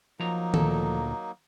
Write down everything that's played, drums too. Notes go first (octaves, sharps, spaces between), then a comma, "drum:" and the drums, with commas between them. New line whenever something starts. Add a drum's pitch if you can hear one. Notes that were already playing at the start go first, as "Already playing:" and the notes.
F3 F#3 A#3 D#4 A#5
D2 A#2 A4, drum: tom D#3